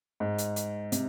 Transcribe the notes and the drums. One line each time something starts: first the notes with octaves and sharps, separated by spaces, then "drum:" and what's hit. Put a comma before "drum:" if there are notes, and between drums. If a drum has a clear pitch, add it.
G#2
drum: hi-hat
drum: hi-hat
C3, drum: hi-hat